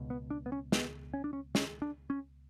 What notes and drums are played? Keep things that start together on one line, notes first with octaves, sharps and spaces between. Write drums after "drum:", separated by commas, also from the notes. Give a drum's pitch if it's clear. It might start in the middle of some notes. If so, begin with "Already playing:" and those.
Already playing: C#2 B2
B3
D4
B3
C#4
B3, drum: snare
C#4
D4
C#4
C#4, drum: snare
D4
C#4